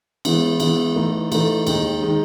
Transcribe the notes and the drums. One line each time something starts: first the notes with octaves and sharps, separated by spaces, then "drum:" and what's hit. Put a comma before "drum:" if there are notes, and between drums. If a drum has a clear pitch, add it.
E3 G#3 B3 E4, drum: cymbal
E3 G#3 B3 E4, drum: cymbal
E3 A3 D#4 A4
E3 A3 D#4 A4, drum: cymbal
D#2 D#3 G#3 D#4, drum: cymbal
D#3 G#3 D#4